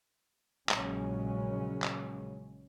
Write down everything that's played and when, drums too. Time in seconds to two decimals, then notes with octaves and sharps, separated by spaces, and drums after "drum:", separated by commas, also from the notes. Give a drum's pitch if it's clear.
0.69 A#1 A#2 C#3 F#3 G#3 C#4, drum: clap
1.82 drum: clap